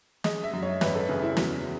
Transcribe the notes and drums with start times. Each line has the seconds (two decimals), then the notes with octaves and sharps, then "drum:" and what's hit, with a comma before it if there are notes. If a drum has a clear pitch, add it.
0.24 G#3 D#5, drum: snare
0.44 E5
0.53 F#2
0.63 C#5
0.81 G#1 B4, drum: snare
0.95 A4
1.09 C#3 G#4
1.22 E4
1.37 E2 F#4, drum: snare